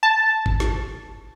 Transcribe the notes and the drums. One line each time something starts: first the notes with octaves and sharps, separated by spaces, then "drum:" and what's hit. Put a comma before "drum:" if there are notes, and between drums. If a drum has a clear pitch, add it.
A5
drum: kick
drum: snare